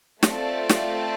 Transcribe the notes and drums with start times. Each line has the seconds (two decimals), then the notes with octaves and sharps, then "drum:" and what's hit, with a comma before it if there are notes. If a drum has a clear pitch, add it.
0.23 A3 C4 F4 A4 D5, drum: snare
0.69 drum: snare